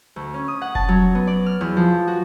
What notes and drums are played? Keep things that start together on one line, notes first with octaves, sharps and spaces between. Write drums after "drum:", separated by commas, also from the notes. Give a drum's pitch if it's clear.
D2
C#4
D#6
F#5
A5, drum: kick F1
F#3
B3
D5
F6
E2
F3
F#4